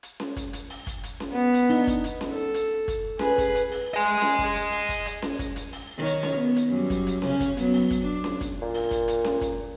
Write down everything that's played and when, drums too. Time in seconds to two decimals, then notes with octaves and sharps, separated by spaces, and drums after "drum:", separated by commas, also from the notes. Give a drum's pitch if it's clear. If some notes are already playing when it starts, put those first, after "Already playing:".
0.03 drum: hi-hat
0.20 drum: snare C#4
0.36 drum: kick, hi-hat
0.53 drum: hi-hat
0.70 drum: open hi-hat
0.87 drum: kick, hi-hat
1.03 drum: hi-hat
1.20 drum: snare C#4
1.32 B3
1.54 drum: hi-hat
1.69 D4 D#4, drum: open hi-hat
1.87 drum: kick, hi-hat
2.04 drum: hi-hat
2.21 drum: snare C#4
2.33 A4
2.54 drum: hi-hat
2.88 drum: kick, hi-hat
3.19 G#4 B4, drum: snare C#4
3.38 drum: kick, hi-hat
3.55 drum: hi-hat
3.72 drum: open hi-hat
3.94 D#5 G#5
4.05 drum: hi-hat
4.22 drum: snare C#4
4.39 drum: kick, hi-hat
4.55 drum: hi-hat
4.72 drum: open hi-hat
4.89 drum: kick, hi-hat
5.06 drum: hi-hat
5.22 drum: snare C#4
5.39 drum: kick, hi-hat
5.56 drum: hi-hat
5.73 drum: open hi-hat
5.96 D#3 C#5
6.06 drum: hi-hat
6.23 drum: snare C#4
6.35 B3
6.56 drum: hi-hat
6.68 F#2 G3
6.90 drum: kick, hi-hat
7.07 drum: hi-hat
7.22 C#3 C#4, drum: snare C#4
7.40 drum: kick, hi-hat
7.57 F#3 B3, drum: hi-hat
7.74 drum: open hi-hat
7.90 drum: kick, hi-hat
8.01 D4
8.24 drum: snare C#4
8.41 drum: kick, hi-hat
8.62 A#2
8.74 drum: open hi-hat
8.91 drum: kick, hi-hat
9.08 drum: hi-hat
9.24 drum: snare C#4
9.41 drum: kick, hi-hat